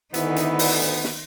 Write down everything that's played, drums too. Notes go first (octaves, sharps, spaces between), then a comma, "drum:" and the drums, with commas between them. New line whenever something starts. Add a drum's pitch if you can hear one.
D2 D#3 B3 D#4 E4, drum: hi-hat
drum: hi-hat
drum: open hi-hat
drum: hi-hat
drum: snare